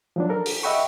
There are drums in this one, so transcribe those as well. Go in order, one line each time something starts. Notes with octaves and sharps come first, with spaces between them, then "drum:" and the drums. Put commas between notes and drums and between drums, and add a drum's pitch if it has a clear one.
F3 F#3 D4
A4 A#4
drum: open hi-hat
D#5 E5 F#5 G5 B5 C#6